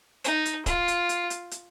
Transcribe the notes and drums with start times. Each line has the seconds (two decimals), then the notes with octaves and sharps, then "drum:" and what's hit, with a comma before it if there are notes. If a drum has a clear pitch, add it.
0.24 D#4, drum: hi-hat
0.45 drum: hi-hat
0.66 F4, drum: kick C#1, hi-hat
0.88 drum: hi-hat
1.09 drum: hi-hat
1.30 drum: hi-hat
1.51 drum: hi-hat